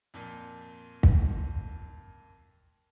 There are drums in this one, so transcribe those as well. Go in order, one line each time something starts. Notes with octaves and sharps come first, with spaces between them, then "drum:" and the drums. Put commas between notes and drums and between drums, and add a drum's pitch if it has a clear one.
F2 A#2
drum: kick